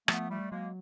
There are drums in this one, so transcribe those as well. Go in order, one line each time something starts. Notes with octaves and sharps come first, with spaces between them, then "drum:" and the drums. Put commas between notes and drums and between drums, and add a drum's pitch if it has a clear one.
F3 A3 B3, drum: rim click
G3 A3
F#3 G#3 A#3